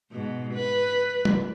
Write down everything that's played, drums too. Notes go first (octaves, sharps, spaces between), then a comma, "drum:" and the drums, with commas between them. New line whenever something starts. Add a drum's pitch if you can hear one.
G#2 B2
B4
drum: tom G3